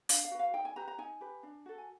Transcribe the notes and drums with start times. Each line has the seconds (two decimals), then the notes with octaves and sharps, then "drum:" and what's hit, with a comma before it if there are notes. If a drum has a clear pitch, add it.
0.09 D4 F5, drum: hi-hat
0.24 F5
0.31 F#4 B4
0.39 F5
0.54 D#4 G5
0.65 G#5
0.76 G4 B4 A#5
0.88 A#5
0.98 D#4 G#5
1.21 G4 B4
1.43 D4
1.66 F#4 A4
1.78 G#5